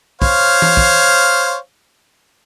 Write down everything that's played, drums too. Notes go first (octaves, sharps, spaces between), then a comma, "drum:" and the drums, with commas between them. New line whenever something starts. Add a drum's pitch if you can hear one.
C5 C#5 F5, drum: kick
drum: tom E3
drum: kick